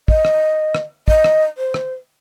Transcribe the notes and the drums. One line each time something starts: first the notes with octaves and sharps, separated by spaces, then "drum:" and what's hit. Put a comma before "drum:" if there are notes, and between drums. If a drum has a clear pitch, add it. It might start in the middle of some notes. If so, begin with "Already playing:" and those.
D#5, drum: kick
drum: rim click
drum: rim click
D#5, drum: kick
drum: rim click
C5
drum: rim click